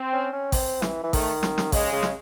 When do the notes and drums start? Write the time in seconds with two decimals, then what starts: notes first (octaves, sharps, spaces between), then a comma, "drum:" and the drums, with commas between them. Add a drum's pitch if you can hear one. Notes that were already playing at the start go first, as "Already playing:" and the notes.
Already playing: C4
0.13 C#4
0.32 C#4
0.52 C4, drum: kick A1, open hi-hat
0.82 E3, drum: snare
1.04 E3
1.13 D#3 A3, drum: kick A1, open hi-hat
1.43 drum: snare
1.58 drum: snare
1.72 C#3 G#3, drum: kick A1, open hi-hat
1.92 C#3
2.03 drum: snare